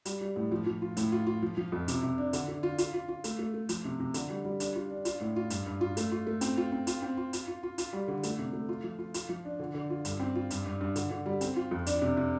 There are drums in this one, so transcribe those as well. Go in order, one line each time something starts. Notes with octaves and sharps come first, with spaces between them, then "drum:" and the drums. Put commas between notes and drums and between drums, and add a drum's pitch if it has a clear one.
G3, drum: hi-hat
G3
A2
F3
F3
F4
A2, drum: hi-hat
F4
F4
F3
F3
F2
C3, drum: hi-hat
C3
D4
D3, drum: hi-hat
D3
F4
F4, drum: hi-hat
F4
F4
A3, drum: hi-hat
A3
A3
F3, drum: hi-hat
C3
C3
D3, drum: hi-hat
G3
G3
D4, drum: hi-hat
F4
D4
F4, drum: hi-hat
A2
F4
G2, drum: hi-hat
G2
F4
A3, drum: hi-hat
F4
A3
C4, drum: hi-hat
F4
C4
F4, drum: hi-hat
C4
F4
F4, drum: hi-hat
F4
F4
F4, drum: hi-hat
G3
D3
A3, drum: hi-hat
C3
A3
F4
F3
F4
F4, drum: hi-hat
F3
D4
D3
D3
F4
G2, drum: hi-hat
C4
F4
G2, drum: hi-hat
G2
G2
D3, drum: hi-hat
D3
G3
C4, drum: hi-hat
F4
F2
D4, drum: hi-hat
C3
C3